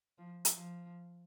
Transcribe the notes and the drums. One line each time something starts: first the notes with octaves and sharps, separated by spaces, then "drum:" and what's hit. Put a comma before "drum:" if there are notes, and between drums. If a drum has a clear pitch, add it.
F3
drum: hi-hat
F3